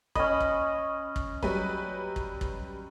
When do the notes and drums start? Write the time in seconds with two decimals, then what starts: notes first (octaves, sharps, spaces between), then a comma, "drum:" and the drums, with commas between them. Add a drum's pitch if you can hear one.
0.15 C#4 D#5 B5, drum: kick
0.41 drum: kick
1.16 drum: kick
1.43 F#3 G3 B4, drum: kick
2.16 drum: kick
2.41 drum: kick